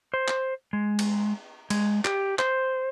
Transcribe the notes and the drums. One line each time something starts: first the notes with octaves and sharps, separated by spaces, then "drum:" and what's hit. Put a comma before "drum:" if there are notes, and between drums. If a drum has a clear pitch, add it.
C5
drum: clap
G#3
drum: cymbal
G#3, drum: cymbal
G4, drum: clap
C5, drum: clap